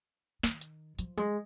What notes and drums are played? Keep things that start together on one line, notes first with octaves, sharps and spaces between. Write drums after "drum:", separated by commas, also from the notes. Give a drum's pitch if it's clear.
D#3, drum: snare
drum: hi-hat
F3, drum: hi-hat
G#3